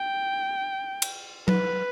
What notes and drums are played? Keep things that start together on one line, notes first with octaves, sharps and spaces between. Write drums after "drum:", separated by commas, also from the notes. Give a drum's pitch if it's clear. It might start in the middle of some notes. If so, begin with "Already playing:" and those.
Already playing: G5
drum: cymbal
B4, drum: tom F#3